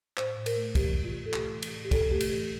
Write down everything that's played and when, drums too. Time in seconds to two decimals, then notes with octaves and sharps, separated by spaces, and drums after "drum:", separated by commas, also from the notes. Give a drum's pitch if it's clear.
0.17 A2 C5, drum: clap
0.37 A2
0.46 A#4, drum: cymbal
0.56 A3
0.75 E3 G4, drum: kick, cymbal
0.95 A2
1.05 F4
1.14 A2
1.26 A4
1.33 A3 G4, drum: clap
1.53 E3
1.62 drum: cymbal
1.72 A2
1.85 G4
1.91 A2 A4, drum: kick, cymbal
2.11 A3 G4
2.20 drum: cymbal
2.30 E3 G4